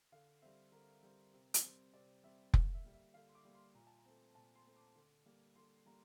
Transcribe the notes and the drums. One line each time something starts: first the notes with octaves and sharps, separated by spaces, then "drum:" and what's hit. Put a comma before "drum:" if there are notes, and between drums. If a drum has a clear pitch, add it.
D3 F5
G3 C4 E5
D3 A#4
G3 C4
C3
drum: hi-hat
G3 C4
C3 D5
G3 C4 E5
D3 F5, drum: kick F1
E5
G3 A#3
E5
D3 F5
C6
D6
G3 A#3
C6
A#2 A#5
A5
A#5
A3 C4
A#2 A5
C6
A3 C4
D6
D3
G3 A#3
D3 C6
G3 A#3 A#5